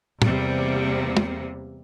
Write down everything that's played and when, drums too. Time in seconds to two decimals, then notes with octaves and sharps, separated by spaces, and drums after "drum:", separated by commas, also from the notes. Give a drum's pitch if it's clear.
0.22 E2 C3 G3 A#3, drum: tom
1.17 drum: tom